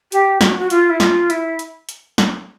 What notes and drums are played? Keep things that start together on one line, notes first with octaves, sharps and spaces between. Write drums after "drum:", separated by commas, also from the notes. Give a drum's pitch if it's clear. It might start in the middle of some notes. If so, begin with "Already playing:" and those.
G4, drum: hi-hat
F#4, drum: snare
F#4
F4, drum: hi-hat
E4
F4, drum: snare
E4, drum: hi-hat
drum: hi-hat
drum: hi-hat
drum: snare